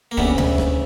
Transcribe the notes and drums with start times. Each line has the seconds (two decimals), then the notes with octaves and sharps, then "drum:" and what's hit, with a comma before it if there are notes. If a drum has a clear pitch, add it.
0.11 A#3
0.17 D2 C#3 E3 G3 B3, drum: kick
0.38 drum: tom D2
0.58 drum: rim click